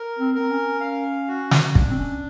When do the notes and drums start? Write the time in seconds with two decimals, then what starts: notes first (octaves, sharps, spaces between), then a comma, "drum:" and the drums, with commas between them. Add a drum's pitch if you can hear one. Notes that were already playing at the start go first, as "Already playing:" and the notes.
Already playing: A#4
0.19 C4
0.35 C4 A#4
0.50 C#4
0.80 F5
1.28 F#4
1.51 drum: snare
1.75 D4, drum: kick
1.90 C4
1.98 C#4